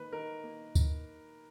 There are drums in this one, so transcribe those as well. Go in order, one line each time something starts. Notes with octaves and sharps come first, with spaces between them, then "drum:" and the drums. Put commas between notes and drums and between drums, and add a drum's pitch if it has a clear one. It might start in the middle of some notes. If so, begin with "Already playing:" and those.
Already playing: D#3 A#3 B4
D#3 A#4
A#3
drum: kick, tambourine